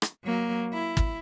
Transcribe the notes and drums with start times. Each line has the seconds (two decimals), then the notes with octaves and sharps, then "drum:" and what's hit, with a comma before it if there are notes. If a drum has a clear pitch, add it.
0.02 drum: rim click
0.24 F#3 A#3
0.73 E4
0.97 drum: kick